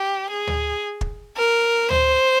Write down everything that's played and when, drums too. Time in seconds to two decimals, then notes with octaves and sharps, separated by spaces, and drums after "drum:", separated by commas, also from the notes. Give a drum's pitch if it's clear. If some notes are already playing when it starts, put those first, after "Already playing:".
Already playing: G4
0.30 G#4
0.47 drum: tom D2
1.01 drum: kick
1.37 A#4
1.90 C5, drum: tom D2